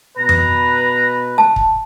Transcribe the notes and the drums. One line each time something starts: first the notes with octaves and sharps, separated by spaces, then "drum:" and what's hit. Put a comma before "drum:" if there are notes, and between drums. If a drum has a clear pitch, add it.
B2 B4 A#5
drum: tom F2
A5
drum: kick